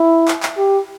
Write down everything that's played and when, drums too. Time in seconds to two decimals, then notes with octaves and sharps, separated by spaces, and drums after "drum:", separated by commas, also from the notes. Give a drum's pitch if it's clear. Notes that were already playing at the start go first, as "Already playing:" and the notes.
Already playing: E4
0.28 drum: clap
0.43 drum: clap
0.57 G4